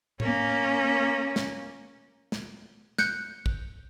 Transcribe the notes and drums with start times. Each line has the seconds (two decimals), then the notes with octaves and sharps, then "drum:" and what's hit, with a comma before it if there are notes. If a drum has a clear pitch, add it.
0.20 A#3 C#4, drum: tom A2
1.36 drum: snare
2.32 drum: snare
2.98 F#6 G6 C#7, drum: snare
3.46 drum: kick